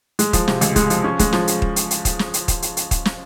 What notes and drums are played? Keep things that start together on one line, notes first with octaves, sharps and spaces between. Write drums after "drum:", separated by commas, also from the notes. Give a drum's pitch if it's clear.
G#3, drum: hi-hat
F3, drum: kick, hi-hat
C3, drum: snare
C#2, drum: hi-hat
G#3, drum: kick, hi-hat
F3, drum: hi-hat
C#4
G#3, drum: kick, hi-hat
F3, drum: snare
drum: hi-hat
drum: kick
drum: hi-hat
drum: hi-hat
drum: kick, hi-hat
drum: snare
drum: hi-hat
drum: kick, hi-hat
drum: hi-hat
drum: hi-hat
drum: kick, hi-hat
drum: snare